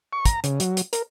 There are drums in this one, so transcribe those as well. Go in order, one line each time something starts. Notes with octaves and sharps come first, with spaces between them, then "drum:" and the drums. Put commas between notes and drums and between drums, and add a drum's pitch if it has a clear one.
C#6
A#5, drum: kick, hi-hat
C#3, drum: hi-hat
F#3, drum: hi-hat
drum: hi-hat
A#4, drum: hi-hat